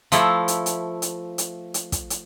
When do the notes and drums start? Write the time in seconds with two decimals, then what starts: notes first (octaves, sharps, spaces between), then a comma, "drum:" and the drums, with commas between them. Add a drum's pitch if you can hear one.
0.12 F3 A3 E4, drum: hi-hat
0.48 drum: hi-hat
0.66 drum: hi-hat
1.02 drum: hi-hat
1.38 drum: hi-hat
1.74 drum: hi-hat
1.92 drum: kick, hi-hat
2.10 drum: hi-hat